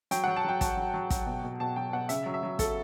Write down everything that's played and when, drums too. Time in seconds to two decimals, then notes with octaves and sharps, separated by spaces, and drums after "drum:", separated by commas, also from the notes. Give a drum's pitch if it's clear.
0.11 F#3 G5, drum: hi-hat
0.24 F#3 F#5
0.37 A5
0.44 F#3 G5
0.61 F#3 A5, drum: kick, hi-hat
0.77 F#3
0.94 F#3
1.10 F#3, drum: kick, hi-hat
1.26 B2
1.44 B2
1.60 B2 A5
1.76 F#3 G5
1.93 B2 F#5
2.09 C#3 E5, drum: hi-hat
2.26 F#3
2.34 E5
2.43 F#3
2.59 F#3 A4, drum: kick, hi-hat